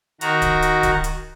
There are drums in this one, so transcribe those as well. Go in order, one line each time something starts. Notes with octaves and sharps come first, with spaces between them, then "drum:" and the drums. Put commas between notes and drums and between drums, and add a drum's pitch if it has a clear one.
D#3 F#4 A#5, drum: hi-hat
drum: kick D1, hi-hat
drum: hi-hat
drum: kick D1, hi-hat
drum: hi-hat